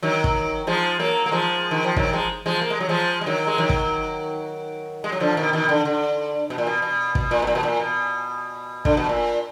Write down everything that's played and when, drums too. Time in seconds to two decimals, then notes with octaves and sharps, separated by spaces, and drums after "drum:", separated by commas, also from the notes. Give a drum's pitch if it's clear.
0.03 D#3 F#3
0.24 drum: kick
0.67 F3 G#3
0.99 F#3 A#3
1.26 A#3
1.32 F3 G#3
1.71 D#3
1.84 F3
1.96 D#3 F#3, drum: kick
2.13 F3 G#3
2.46 F3 G#3
2.61 A#3
2.70 G#3
2.80 F#3
2.89 F3 G#3
3.21 G#3
3.26 D#3 F#3
3.47 G#3
3.58 D#3 F#3
3.69 drum: kick
5.04 G#3
5.12 F#3
5.20 D3 F3
5.37 B2 D#3
5.53 B2 D#3
5.69 D3
5.85 D3
6.50 B2
6.58 A#2
6.67 B2
6.82 B2
7.15 B2, drum: kick
7.31 A#2
7.42 B2
7.47 A#2
7.55 B2
7.63 A#2
7.80 B2
8.85 D3, drum: kick
8.97 B2
9.09 A#2